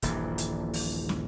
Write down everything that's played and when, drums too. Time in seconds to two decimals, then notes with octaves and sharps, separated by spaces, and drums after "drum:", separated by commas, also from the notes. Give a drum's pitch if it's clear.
0.02 D#1 A#1 G2 E3, drum: hi-hat
0.38 drum: hi-hat
0.74 drum: open hi-hat
1.09 drum: snare